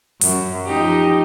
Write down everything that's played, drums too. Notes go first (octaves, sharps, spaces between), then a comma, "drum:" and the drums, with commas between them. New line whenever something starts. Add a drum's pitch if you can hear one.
F#2, drum: open hi-hat
F3 D#4 G4